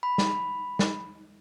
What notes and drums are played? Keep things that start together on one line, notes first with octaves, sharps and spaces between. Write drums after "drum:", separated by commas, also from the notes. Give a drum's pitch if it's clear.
B5
drum: snare
drum: snare